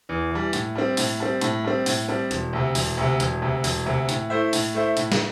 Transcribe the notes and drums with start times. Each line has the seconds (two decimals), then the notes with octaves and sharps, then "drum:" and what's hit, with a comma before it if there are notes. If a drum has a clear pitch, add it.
0.09 E2
0.31 E3 G3
0.53 A2, drum: hi-hat
0.75 G3 C4
0.97 A2, drum: open hi-hat
1.20 G3 C4
1.41 A2, drum: hi-hat
1.64 G3 C4
1.86 A2, drum: open hi-hat
2.09 G3 C4
2.31 E1, drum: hi-hat
2.53 D2 C3
2.75 E1, drum: open hi-hat
2.97 D2 C3
3.20 E1, drum: hi-hat
3.42 D2 C3
3.64 E1, drum: open hi-hat
3.86 D2 C3
4.09 A2, drum: hi-hat
4.30 A3 E4 C5 E5
4.53 A2, drum: open hi-hat
4.74 A3 E4 C5 E5
4.97 A2, drum: hi-hat
5.12 drum: snare